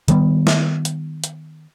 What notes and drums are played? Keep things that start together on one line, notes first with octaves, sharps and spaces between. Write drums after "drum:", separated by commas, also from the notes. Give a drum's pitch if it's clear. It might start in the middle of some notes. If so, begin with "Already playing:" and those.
D#3 G3 B3, drum: hi-hat
drum: snare
drum: hi-hat
drum: hi-hat